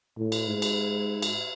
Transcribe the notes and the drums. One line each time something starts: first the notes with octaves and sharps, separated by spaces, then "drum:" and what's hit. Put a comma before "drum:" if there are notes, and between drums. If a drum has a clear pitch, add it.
A2
drum: cymbal
G#2
drum: cymbal
drum: cymbal